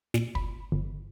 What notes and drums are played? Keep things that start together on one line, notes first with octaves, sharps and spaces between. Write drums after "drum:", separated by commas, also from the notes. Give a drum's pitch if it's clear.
A#2, drum: snare
B5, drum: kick
G1